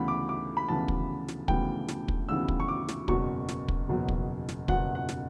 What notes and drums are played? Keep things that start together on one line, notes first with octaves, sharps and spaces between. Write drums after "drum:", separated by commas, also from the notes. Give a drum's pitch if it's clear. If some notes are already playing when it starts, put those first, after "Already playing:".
Already playing: D2 C#3 E3 B3 B5
D6
D6
B5
D2 C#3 E3 B3 A5
drum: kick
drum: snare
D2 C#3 E3 B3 G5, drum: kick
drum: snare
drum: kick
D2 C#3 E3 B3 E6
drum: kick
C#6
D6
drum: snare
F#1 E2 B2 F#3 C#6, drum: kick
drum: snare
drum: kick
F#1 E2 B2 F#3
drum: kick
drum: snare
F#1 E2 B2 F#3 F#5, drum: kick
F#5
drum: snare